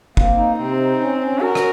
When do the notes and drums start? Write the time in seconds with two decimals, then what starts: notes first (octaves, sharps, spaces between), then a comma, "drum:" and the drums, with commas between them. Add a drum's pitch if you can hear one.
0.17 A#3 C4, drum: kick
0.38 D#4
0.58 C3 C4
0.79 D#4
1.01 C#4
1.21 C#4
1.41 F#4 A#4
1.55 drum: rim click